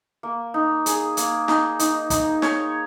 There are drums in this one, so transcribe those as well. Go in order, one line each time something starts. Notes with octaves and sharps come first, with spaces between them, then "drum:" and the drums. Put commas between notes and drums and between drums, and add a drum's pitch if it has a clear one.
A#3
D#4
G#4, drum: hi-hat
A#3, drum: hi-hat
D#4, drum: snare
D#4, drum: hi-hat
D#4, drum: kick, hi-hat
C#5, drum: snare